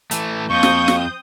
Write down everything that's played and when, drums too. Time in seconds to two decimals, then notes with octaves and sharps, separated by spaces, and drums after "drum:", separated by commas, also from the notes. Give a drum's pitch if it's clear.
0.11 E3 A3, drum: hi-hat
0.50 F2 A#3 C4 C#6 D#6 G6
0.63 drum: snare
0.88 drum: snare